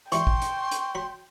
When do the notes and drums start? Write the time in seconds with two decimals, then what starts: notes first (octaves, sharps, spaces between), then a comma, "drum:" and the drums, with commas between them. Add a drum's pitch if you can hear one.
0.12 E3 G3 E4 G5 C6 C#6, drum: hi-hat
0.27 drum: kick
0.42 drum: hi-hat
0.71 drum: hi-hat
0.95 F#3 B5